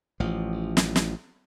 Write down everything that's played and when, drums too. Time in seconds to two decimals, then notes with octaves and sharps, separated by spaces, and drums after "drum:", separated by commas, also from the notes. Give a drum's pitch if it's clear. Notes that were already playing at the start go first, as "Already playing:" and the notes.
0.20 A1 F3
0.77 drum: snare
0.96 drum: snare